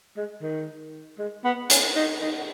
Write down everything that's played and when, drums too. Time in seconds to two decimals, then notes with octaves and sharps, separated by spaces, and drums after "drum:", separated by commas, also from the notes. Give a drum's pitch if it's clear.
0.17 G#3
0.42 D#3
1.19 G#3
1.44 B3
1.70 C#4, drum: hi-hat
1.96 D#4
2.21 D#4